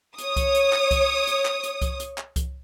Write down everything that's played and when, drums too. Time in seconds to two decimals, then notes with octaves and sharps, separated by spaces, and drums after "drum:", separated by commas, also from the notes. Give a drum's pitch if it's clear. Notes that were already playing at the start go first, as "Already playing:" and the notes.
0.18 C#5 D#6, drum: hi-hat
0.36 drum: kick C2, hi-hat
0.55 drum: hi-hat
0.73 drum: clap
0.91 drum: kick C2, hi-hat
1.27 drum: hi-hat
1.45 drum: clap
1.63 drum: hi-hat
1.82 drum: kick C2, hi-hat
2.00 drum: hi-hat
2.18 drum: clap
2.36 drum: kick C2, hi-hat